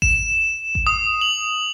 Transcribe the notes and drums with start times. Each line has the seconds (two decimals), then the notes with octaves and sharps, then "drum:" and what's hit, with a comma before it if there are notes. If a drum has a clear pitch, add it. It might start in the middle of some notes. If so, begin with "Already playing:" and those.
0.02 E7, drum: kick G#1
0.75 drum: kick G#1
0.87 D#6
1.21 F#7